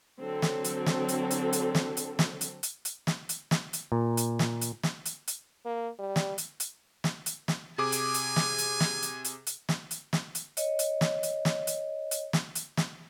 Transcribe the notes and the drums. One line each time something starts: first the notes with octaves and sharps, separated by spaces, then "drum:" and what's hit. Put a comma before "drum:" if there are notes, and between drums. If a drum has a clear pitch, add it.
D3 F#3 C4 A4
drum: snare
drum: hi-hat
drum: snare
drum: hi-hat
drum: hi-hat
drum: hi-hat
drum: snare
drum: hi-hat
drum: snare
drum: hi-hat
drum: hi-hat
drum: hi-hat
drum: snare
drum: hi-hat
drum: snare
drum: hi-hat
A#2
drum: hi-hat
drum: snare
drum: hi-hat
drum: snare
drum: hi-hat
drum: hi-hat
A#3
G3
drum: snare
drum: hi-hat
drum: hi-hat
drum: snare
drum: hi-hat
drum: snare
C3 G#4 G#5 D6
drum: hi-hat
drum: hi-hat
drum: snare
drum: hi-hat
drum: snare
drum: hi-hat
drum: hi-hat
drum: hi-hat
drum: snare
drum: hi-hat
drum: snare
drum: hi-hat
C#5 D#5, drum: hi-hat
drum: hi-hat
drum: snare
drum: hi-hat
drum: snare
drum: hi-hat
drum: hi-hat
drum: snare
drum: hi-hat
drum: snare